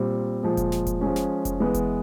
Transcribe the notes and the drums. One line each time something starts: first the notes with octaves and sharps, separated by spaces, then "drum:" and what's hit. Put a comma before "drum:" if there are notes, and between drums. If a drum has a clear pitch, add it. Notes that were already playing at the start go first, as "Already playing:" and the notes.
Already playing: A#2 G3 C4
A#2 F3 G#3
drum: kick F1, hi-hat
drum: snare
drum: kick F1, hi-hat
F3 G#3 C#4
drum: snare
drum: kick F1, hi-hat
E3 G#3 B3
drum: kick F1, hi-hat